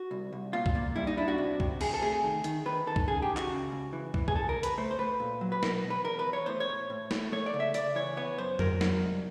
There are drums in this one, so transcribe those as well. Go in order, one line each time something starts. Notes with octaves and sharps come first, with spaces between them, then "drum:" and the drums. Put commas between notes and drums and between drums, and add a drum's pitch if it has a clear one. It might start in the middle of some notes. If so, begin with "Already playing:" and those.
Already playing: F#4
C2
C2
A#2 F4
drum: kick
A#2
G3 E4
D#4
D4 E4
F#4
C3
C3, drum: kick
C3 G#4, drum: cymbal
A4
A3 G#4
D#3
D#3, drum: hi-hat
D#3 B4
D#3 A4
drum: kick
C#3 G#4
G4
C#3
F#4, drum: clap
C#3
C#2
E3
E3, drum: kick
G#4, drum: kick
C#2 A4
A#4
C#2
B4, drum: hi-hat
A3 C5
C5
A3 B4
A#2
F#3
B4
B2 A#4, drum: snare
B2
B4
E2 A#4
B4
E2
C#5
A2 C5
C#5
A2
A2
A3, drum: snare
A3 C#5
D5
C#3
E5
C#3 D5, drum: hi-hat
E3 C#5
B3 C#5
F#2 C5
F#3 A#4, drum: tom F2
F#3, drum: snare
C2